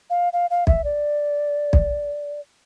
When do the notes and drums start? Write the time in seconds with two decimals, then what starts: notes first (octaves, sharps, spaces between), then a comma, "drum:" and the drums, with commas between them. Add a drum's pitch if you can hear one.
0.10 F5
0.33 F5
0.50 F5
0.67 E5, drum: kick B1
0.84 D5
1.73 drum: kick B1